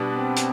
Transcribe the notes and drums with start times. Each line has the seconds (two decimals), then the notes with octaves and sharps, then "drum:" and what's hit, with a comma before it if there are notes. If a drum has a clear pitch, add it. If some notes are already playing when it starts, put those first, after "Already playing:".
Already playing: B2 G3 B3 D4
0.14 C4
0.36 drum: hi-hat